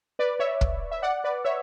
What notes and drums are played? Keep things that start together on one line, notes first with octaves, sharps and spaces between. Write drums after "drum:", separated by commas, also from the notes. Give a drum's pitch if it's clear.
B4 D5
C#5 E5
drum: kick
E5
D5 F#5
B4 D5
C#5 E5